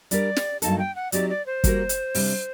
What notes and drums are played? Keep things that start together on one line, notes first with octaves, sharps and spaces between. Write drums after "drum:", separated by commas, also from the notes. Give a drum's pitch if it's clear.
G3 D4 G4 A#4 D5, drum: hi-hat
drum: snare
G2 F#3 A#3 D#4 A4 A5, drum: hi-hat
G5
F#5
F#3 C4 D#4 G4 D5, drum: hi-hat
D5
C5
G3 A#3 F#4 A#4, drum: kick, hi-hat
drum: hi-hat
C3 G3 D4, drum: open hi-hat